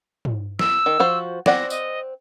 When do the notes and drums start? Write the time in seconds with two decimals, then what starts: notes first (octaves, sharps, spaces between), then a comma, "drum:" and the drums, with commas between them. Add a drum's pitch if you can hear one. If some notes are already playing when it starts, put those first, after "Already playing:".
0.25 drum: tom
0.59 E6, drum: snare
0.86 D#3
1.00 F3 F#4 C5
1.46 C4 D5 F#5 A#6, drum: snare
1.70 D#5, drum: tambourine